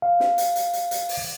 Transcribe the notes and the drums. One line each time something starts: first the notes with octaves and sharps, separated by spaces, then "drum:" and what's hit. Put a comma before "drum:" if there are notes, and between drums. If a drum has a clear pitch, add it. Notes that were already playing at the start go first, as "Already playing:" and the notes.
F5
drum: snare
drum: hi-hat
drum: hi-hat
drum: hi-hat
drum: hi-hat
drum: open hi-hat